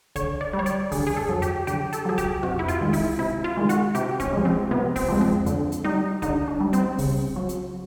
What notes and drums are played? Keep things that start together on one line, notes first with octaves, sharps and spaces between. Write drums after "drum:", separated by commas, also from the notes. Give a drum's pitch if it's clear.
D3 C#5, drum: kick C2, hi-hat
D5
G3
C#5
D5, drum: hi-hat
D3 G#4, drum: kick C2, open hi-hat
G#4
A4, drum: tom F2
F#3
G4, drum: hi-hat
D3 G4, drum: hi-hat
A4, drum: hi-hat
F#3 G#4
G4, drum: kick C2, hi-hat
C3 F#4, drum: tom F2
E4
F4, drum: hi-hat
D#3 G#3
E4, drum: kick C2, open hi-hat
C3 E4
F4
D#3 G#3
F#4, drum: hi-hat
C3 G4, drum: hi-hat
C#4, drum: kick C2, hi-hat
F3 G#3
C4
C3 B3
C4, drum: kick C2, open hi-hat
F3 G#3
C4, drum: tom F2
D3, drum: hi-hat
drum: hi-hat
G3 D#4
D3 D#4, drum: kick C2, hi-hat
D4
G3
C4, drum: hi-hat
C#3, drum: kick C2, open hi-hat
F#3
drum: hi-hat